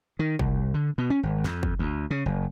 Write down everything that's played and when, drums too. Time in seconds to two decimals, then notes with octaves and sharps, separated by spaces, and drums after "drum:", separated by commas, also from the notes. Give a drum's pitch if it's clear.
0.19 D#3
0.39 C2, drum: kick
0.74 D3
0.98 B2
1.10 C#4
1.23 G#1
1.44 F2, drum: snare
1.63 drum: kick
1.79 D2
2.11 C#3
2.26 F#1